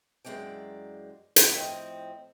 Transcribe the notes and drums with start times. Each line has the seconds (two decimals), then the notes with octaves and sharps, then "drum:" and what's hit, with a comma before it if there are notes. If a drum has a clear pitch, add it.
0.25 F#2 E3 G#3 D#4 D5 G5
1.36 drum: hi-hat
1.54 A2 F3 C4 D#5 G5